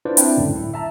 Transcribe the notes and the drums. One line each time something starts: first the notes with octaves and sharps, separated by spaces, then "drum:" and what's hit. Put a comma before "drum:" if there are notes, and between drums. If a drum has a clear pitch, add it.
D4 E4 F4 B4 C5 D5
C4 D4 E4 E5 G5, drum: hi-hat
C#2 F#2 A2 D3
E4
E5 A5 A#5